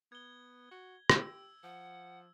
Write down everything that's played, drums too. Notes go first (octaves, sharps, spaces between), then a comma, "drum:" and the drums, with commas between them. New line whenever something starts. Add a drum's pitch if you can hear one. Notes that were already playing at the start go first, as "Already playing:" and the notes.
B3 G#6 G7
F#4
G4 E6, drum: rim click
F3 F#5